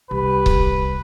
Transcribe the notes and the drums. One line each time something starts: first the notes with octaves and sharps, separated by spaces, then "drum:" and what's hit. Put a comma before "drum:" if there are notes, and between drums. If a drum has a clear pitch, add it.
C2 G4 B4
drum: kick C#1